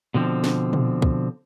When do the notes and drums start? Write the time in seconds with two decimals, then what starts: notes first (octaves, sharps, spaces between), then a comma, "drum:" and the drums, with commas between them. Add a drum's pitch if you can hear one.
0.14 B2 D3 F3 C4
0.44 drum: snare
0.73 drum: tom
1.02 drum: kick